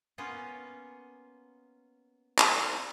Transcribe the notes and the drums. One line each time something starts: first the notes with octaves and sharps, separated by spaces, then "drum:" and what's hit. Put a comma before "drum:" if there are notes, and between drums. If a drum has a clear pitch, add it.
A#3 B3 C#4 F4
drum: clap